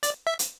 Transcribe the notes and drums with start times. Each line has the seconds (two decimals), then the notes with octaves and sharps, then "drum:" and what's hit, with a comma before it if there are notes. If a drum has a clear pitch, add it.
0.03 D5, drum: hi-hat
0.27 E5
0.39 drum: hi-hat